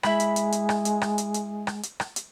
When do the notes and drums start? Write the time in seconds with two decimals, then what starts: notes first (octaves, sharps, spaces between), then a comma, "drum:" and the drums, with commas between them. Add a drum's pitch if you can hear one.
0.03 G#3 E4 B5, drum: rim click
0.20 drum: hi-hat
0.36 drum: hi-hat
0.52 drum: hi-hat
0.69 drum: rim click
0.85 drum: hi-hat
1.02 drum: rim click
1.18 drum: hi-hat
1.34 drum: hi-hat
1.67 drum: rim click
1.83 drum: hi-hat
2.00 drum: rim click
2.16 drum: hi-hat